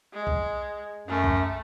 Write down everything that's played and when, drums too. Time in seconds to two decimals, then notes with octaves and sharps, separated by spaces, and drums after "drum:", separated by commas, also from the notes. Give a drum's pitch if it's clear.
0.14 G#3
0.27 drum: kick
1.08 F#2 A3
1.24 drum: kick